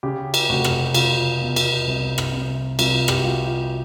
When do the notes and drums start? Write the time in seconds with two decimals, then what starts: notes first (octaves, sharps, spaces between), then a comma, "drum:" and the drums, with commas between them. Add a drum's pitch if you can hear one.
0.03 C#3 G4
0.34 drum: cymbal
0.49 F1 F#4
0.64 drum: rim click
0.94 C#3 F4, drum: cymbal
1.41 E2
1.56 drum: cymbal
1.87 C2
2.18 drum: rim click
2.32 C3
2.79 C2 F4, drum: cymbal
3.08 G4, drum: rim click
3.17 F#4
3.25 C2 F4
3.48 F4